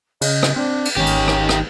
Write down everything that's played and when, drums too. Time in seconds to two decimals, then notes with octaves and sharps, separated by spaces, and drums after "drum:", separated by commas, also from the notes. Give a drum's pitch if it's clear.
0.21 C#3 D#5, drum: cymbal
0.43 drum: rim click
0.56 C4 D4
0.85 drum: cymbal
0.96 G#1 D#3 C#4 G4
1.06 drum: cymbal
1.28 drum: rim click
1.49 drum: rim click